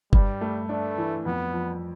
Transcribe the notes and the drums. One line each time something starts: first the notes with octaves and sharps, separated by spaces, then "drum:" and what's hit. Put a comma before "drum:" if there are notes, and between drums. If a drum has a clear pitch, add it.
G2 G3, drum: kick
A3
A3 D4
E3
F2 B3
F3